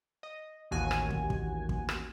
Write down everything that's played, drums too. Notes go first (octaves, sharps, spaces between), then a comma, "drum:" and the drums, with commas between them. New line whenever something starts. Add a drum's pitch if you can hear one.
D#5
A1 D#2 F#4 G#5
drum: rim click
drum: kick
drum: kick
drum: kick
drum: rim click